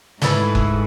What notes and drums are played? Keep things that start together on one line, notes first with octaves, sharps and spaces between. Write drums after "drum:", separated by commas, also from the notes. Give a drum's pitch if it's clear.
G#2 A3 E4 G#4 B4, drum: snare
drum: kick F#1